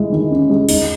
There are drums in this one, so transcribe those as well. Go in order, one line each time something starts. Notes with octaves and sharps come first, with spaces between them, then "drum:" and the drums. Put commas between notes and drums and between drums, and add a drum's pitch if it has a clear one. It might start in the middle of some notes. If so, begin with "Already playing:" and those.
Already playing: G#3 E4
D#3
C#4
G#3
D#4, drum: open hi-hat